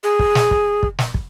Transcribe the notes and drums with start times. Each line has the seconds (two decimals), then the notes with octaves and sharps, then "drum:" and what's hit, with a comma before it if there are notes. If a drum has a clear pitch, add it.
0.04 G#4
0.19 drum: kick
0.35 drum: snare
0.51 drum: kick
0.83 drum: kick
0.99 drum: snare
1.14 drum: kick